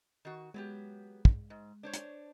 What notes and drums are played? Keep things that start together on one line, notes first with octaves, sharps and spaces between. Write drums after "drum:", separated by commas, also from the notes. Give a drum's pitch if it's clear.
D#3 F#4
F#3 G#3 B3 G4
drum: kick
G#2
D4 C5 C#5
drum: hi-hat